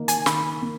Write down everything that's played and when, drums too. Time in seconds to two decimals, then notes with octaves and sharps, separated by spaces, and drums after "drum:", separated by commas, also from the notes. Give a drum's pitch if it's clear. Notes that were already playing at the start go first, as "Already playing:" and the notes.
Already playing: D#3 A#3 D#4
0.08 G#5, drum: hi-hat
0.26 D#3 B5, drum: snare
0.62 A#3